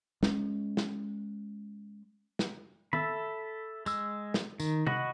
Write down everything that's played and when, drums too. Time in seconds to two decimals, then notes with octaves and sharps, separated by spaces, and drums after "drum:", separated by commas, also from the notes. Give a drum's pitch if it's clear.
0.23 G#3 C#4, drum: snare
0.77 drum: snare
2.39 drum: snare
2.93 A4 E5 B5, drum: tom D#3
3.86 G#3 E6, drum: tambourine
4.34 drum: snare
4.60 D#3, drum: tambourine
4.87 F#4 D#5 F#5 B5, drum: tom C3